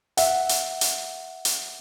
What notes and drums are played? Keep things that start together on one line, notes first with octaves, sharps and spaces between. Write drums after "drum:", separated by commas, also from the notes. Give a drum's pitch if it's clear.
E5 F#5, drum: hi-hat
drum: hi-hat
drum: hi-hat
drum: hi-hat